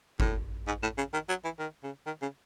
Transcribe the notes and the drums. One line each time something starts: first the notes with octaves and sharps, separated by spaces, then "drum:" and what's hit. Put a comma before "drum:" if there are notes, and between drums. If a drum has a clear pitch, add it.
A2, drum: kick G1
G#2
A2
C#3
D#3
F#3
E3
D#3
C#3
D#3
C#3